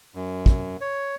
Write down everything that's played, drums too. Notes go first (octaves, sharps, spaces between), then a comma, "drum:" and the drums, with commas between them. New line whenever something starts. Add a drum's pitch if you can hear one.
F#2
drum: kick
C#5